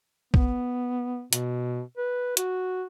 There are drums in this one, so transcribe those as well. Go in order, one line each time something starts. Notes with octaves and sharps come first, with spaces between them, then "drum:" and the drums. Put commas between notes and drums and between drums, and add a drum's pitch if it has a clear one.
B3, drum: kick
B2, drum: hi-hat
B4
F#4, drum: hi-hat